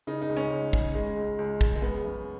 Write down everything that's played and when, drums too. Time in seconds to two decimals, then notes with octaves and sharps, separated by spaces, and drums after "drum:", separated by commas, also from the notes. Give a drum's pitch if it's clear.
0.07 C#3 D#4
0.22 D#4
0.29 C#2
0.37 C#4
0.50 C#2
0.73 C#3, drum: kick
0.95 C#3 G#3
1.17 C#2
1.39 C#2
1.61 C#3, drum: kick
1.75 G#3
1.82 C#3 B3
2.05 F#2